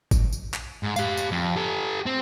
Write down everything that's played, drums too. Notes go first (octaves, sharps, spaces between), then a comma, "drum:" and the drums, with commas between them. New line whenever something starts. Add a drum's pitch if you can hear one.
drum: kick, tambourine
drum: tambourine
drum: clap
G#2
G4 F5, drum: tambourine
drum: tambourine
F2
G4 A4
C4